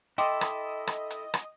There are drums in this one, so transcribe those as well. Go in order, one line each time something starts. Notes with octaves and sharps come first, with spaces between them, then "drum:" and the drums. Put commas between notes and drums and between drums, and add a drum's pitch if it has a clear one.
E4 A4 D#5 G5 C6 D6, drum: hi-hat
drum: rim click
drum: rim click
drum: hi-hat
drum: rim click